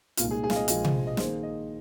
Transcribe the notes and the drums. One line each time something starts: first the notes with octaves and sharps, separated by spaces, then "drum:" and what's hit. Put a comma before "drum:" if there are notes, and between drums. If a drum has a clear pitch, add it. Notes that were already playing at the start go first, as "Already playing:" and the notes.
C2 A#2 G#3 D#4 F4, drum: hi-hat
G#4
G#4
F5, drum: snare
D#5
A#1 A#2 F3 G#3 F4 D#5, drum: hi-hat
drum: tom C3
D#5
D#3 A#3 G#4 C5, drum: snare
D#5